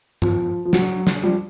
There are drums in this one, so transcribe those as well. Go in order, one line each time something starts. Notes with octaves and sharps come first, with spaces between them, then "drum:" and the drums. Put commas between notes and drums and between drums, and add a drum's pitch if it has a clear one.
F3, drum: tom G2
F3
F#3, drum: snare
drum: snare
F3 G3